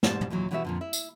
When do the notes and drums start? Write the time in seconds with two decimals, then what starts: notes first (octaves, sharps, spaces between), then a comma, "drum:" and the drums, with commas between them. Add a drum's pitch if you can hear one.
0.03 G#2 B2 G3 C5 C#5 A5, drum: snare
0.21 drum: tom
0.30 D#2 A#2 E3 F#3
0.51 B2 E3 G3 B3 F#4 E5
0.64 F2 A#2 D3
0.81 E4
0.93 drum: tambourine